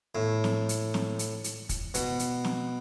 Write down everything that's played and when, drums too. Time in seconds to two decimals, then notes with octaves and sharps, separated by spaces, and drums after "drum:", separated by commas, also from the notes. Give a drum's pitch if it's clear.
0.15 A2
0.44 drum: snare
0.69 drum: hi-hat
0.94 drum: snare
1.19 drum: hi-hat
1.44 drum: hi-hat
1.69 drum: kick, hi-hat
1.94 B2, drum: hi-hat
2.19 drum: hi-hat
2.45 drum: snare